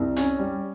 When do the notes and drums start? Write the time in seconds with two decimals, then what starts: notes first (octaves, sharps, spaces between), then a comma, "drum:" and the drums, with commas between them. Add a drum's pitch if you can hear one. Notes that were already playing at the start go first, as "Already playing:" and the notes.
Already playing: C2
0.16 C#4, drum: hi-hat
0.39 G3